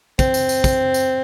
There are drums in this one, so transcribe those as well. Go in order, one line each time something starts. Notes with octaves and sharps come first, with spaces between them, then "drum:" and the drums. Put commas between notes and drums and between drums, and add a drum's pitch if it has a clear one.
C4, drum: kick, tambourine
drum: tambourine
drum: tambourine
drum: kick, tambourine
drum: tambourine